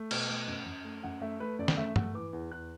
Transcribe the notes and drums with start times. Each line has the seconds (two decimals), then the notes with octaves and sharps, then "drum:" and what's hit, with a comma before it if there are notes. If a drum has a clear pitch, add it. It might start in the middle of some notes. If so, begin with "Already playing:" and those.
Already playing: A3
0.11 B2, drum: cymbal
0.29 A3
0.47 F#2
0.66 F#2
0.84 A3
1.03 F#2 F#5
1.22 A3 E5
1.40 A3 B4
1.59 F#2 D5
1.68 drum: snare
1.77 A3 E5
1.96 A3 F#5, drum: tom
2.14 E3 D6
2.33 E2
2.51 E2 F#6